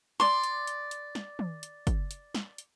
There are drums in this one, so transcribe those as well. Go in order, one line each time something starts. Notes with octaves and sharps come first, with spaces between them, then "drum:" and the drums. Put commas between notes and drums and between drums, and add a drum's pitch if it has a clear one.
D5 C6, drum: snare
drum: hi-hat
drum: hi-hat
drum: hi-hat
drum: snare
drum: tom
drum: hi-hat
drum: kick, hi-hat
drum: hi-hat
drum: snare
drum: hi-hat